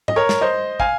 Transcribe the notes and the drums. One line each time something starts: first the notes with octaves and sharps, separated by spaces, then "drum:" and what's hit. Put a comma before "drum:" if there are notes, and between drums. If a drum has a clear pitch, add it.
D#5, drum: tom G#2
A#4 C#5
drum: snare
C5 D#5
F5 G#5, drum: kick